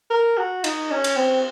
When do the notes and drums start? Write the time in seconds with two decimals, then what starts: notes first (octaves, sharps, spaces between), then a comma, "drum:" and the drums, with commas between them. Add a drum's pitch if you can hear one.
0.11 A#4
0.38 F#4
0.64 D#4, drum: cymbal
0.91 C#4
1.04 drum: cymbal
1.17 C4